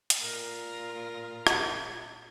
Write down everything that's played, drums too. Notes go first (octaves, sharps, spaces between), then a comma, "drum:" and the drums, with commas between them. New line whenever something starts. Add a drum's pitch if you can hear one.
drum: hi-hat
A#2 F4 A#4
drum: rim click